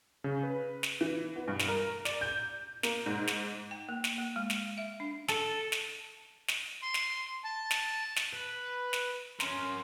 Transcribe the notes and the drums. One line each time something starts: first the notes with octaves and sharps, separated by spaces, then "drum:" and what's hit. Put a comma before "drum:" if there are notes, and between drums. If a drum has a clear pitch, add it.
C#3
B4
drum: snare
E3
B3
G2
drum: snare
A#4
D5, drum: snare
G6
A#3, drum: snare
G#2
drum: snare
G5
A#3
drum: snare
A#3
G#3
drum: snare
E5
D4
A4, drum: snare
drum: snare
drum: snare
C6
drum: snare
A5
drum: snare
drum: snare
B4
drum: snare
C#4 A#4 C6, drum: snare